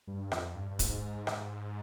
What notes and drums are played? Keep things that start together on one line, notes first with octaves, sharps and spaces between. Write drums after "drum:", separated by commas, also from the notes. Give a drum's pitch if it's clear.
G2
F2, drum: rim click
G2
G2
G#2, drum: kick, hi-hat
drum: rim click